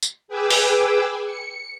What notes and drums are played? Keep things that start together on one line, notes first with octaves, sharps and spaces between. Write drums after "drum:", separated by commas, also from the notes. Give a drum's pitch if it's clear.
drum: tambourine
G#4 B4 G5 G#5 D6 E6
drum: open hi-hat
C#7